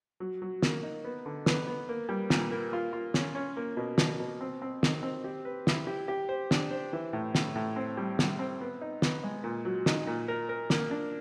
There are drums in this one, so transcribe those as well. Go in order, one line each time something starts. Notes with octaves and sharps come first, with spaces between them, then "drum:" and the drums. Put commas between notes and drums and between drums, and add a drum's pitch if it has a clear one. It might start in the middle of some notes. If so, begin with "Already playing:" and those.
F#3
F#3
A#3, drum: snare
D#4
B3
D3
B3, drum: snare
B3
A#3
G3
A#2, drum: snare
A#3
F4
F4
C#4, drum: snare
C#4
A#3
B2
B2, drum: snare
B2
C4
C4
D#3, drum: snare
C4
G4
B4
E4, drum: snare
G4
G4
C5
D4, drum: snare
C5
E3
A2
A2, drum: snare
A2
C4
G3
G3, drum: snare
C4
B3
D#4
B3, drum: snare
G#3
A#2
F#3
D#4, drum: snare
A#2
A#4
A#4
A#3, drum: snare
D4